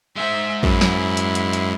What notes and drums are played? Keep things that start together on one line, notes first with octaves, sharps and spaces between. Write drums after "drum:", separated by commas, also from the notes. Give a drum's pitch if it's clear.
G#3 C5 E5
F#2 E4, drum: kick
drum: snare
drum: hi-hat
drum: hi-hat
drum: hi-hat